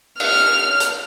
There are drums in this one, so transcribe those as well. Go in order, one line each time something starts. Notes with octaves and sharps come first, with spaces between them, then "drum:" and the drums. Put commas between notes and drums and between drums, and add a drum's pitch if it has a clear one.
F6, drum: cymbal
drum: hi-hat